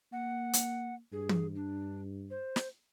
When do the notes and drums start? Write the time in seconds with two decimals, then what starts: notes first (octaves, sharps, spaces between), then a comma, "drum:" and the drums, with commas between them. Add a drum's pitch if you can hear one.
0.13 A#3 F#5
0.53 drum: hi-hat
1.12 G2 G#4
1.29 drum: tom
1.55 D4
2.31 C5
2.56 drum: snare